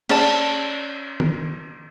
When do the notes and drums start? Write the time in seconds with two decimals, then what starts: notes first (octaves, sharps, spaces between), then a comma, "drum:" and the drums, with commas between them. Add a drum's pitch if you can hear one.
0.09 C#4 D5 A5, drum: cymbal
1.20 drum: tom